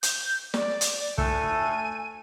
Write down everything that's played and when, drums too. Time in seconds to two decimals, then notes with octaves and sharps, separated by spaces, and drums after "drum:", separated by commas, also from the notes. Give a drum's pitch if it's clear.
0.03 G6, drum: hi-hat
0.54 D5, drum: snare
0.81 drum: hi-hat
1.18 A3 G#5, drum: kick